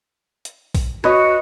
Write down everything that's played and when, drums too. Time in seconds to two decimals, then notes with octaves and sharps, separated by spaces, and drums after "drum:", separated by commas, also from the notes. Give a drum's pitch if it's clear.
0.45 drum: hi-hat
0.75 drum: kick A#1, open hi-hat
1.04 F#4 B4 C#5 D#5, drum: rim click